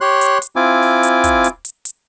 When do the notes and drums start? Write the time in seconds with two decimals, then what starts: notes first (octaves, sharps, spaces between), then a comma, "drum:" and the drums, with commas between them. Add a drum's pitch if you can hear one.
0.01 G4 C#5 C6 F#6
0.21 drum: hi-hat
0.42 drum: hi-hat
0.56 C4 E4 F4 G#5 D6
0.83 drum: open hi-hat
1.03 drum: hi-hat
1.24 drum: kick, hi-hat
1.44 drum: hi-hat
1.65 drum: hi-hat
1.85 drum: hi-hat